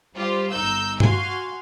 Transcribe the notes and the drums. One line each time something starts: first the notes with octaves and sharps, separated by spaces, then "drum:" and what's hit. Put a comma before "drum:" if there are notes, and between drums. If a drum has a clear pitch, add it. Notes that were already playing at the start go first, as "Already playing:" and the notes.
G3 F4 G4 C5
G1 D#4 E6 G6
F#4 F5 G#5 C6, drum: tom